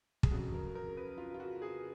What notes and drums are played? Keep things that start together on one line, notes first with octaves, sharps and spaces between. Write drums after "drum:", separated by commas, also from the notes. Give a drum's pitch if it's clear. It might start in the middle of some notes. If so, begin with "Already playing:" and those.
G#4, drum: kick
F2 C#3 F#3 F#4
A#4
A#4
B4
F4
F4
F#4
G#4